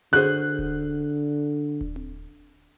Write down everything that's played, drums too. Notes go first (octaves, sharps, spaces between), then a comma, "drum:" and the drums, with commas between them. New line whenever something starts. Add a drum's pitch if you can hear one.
D3 F#4 G#4 C5 F#6
drum: kick D#1
drum: kick D#1
drum: tom C4